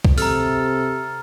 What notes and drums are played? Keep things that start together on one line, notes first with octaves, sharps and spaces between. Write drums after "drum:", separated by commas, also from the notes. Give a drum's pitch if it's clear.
drum: kick C2
C3 A4 A#5 F6, drum: open hi-hat